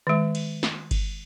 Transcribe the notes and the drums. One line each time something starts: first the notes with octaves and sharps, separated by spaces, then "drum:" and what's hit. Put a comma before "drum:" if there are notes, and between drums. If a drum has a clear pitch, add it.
D#3 G#3
drum: cymbal
drum: snare
drum: kick G1, cymbal